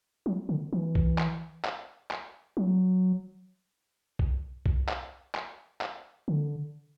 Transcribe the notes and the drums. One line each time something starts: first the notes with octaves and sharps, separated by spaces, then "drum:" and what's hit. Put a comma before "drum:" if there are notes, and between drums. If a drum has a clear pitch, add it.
F#3
D3
E3
drum: kick B1
drum: clap
drum: clap
drum: clap
F#3
drum: kick B1
drum: kick B1
drum: clap
drum: clap
drum: clap
D3